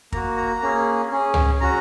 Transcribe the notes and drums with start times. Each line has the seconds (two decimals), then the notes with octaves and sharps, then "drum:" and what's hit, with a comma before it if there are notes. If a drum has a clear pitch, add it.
0.12 A#3 F#4 A#5, drum: kick
0.37 A#5
0.62 A#3 C#4 G#4
1.12 C#4 G#4
1.34 drum: tom C#2
1.61 C#4 F#4 A#5